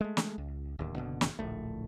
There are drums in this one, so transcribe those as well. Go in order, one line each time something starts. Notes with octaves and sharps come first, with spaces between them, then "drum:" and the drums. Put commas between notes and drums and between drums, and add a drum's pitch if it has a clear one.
G#3 A3
drum: snare
C#2
D1 D#2
F#1 C#2 B2 D3
drum: snare
D1 A#1 A3